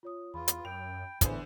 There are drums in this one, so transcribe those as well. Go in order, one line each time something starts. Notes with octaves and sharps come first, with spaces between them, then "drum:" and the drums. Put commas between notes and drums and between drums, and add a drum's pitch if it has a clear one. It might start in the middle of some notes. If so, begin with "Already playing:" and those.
F4 C#5 D#6
E2 F4 B5
drum: hi-hat
F#2 G5 F7
E2 A2 D3 E3 G#4 C5, drum: kick, hi-hat